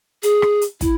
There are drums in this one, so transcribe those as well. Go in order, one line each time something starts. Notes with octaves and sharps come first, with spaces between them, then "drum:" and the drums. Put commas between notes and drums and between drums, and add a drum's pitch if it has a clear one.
G#4, drum: hi-hat
drum: rim click
drum: hi-hat
E4, drum: kick, hi-hat